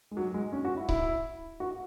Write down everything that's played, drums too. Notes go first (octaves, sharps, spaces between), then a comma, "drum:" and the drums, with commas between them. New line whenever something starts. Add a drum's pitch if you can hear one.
G#3
F#3
G#3
C#4
F#4
E4
E4, drum: kick C#1
F#4